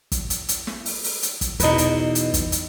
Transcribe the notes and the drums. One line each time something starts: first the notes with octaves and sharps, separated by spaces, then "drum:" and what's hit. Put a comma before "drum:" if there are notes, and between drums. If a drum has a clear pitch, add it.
drum: kick, hi-hat
drum: hi-hat
drum: hi-hat
drum: snare
drum: open hi-hat
drum: open hi-hat
drum: hi-hat
drum: kick, hi-hat
E2 B2 D#4 B4, drum: hi-hat
drum: hi-hat
drum: hi-hat
drum: kick, hi-hat
drum: hi-hat